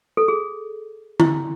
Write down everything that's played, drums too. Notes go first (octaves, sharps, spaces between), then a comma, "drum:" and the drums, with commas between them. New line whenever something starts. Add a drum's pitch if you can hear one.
A4
G#4
E4, drum: tom D3